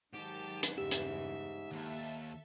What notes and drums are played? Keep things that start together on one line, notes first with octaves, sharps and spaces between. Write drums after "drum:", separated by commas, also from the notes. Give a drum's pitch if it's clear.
G#2 D#3 F#3 G4 A5
drum: hi-hat
E2 G2 C#3 G4 E5
drum: hi-hat
D#2 A4 E5